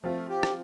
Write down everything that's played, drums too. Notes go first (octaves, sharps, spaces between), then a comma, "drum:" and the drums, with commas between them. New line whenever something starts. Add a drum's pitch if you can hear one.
F3 A3 C4 F4
G4
drum: rim click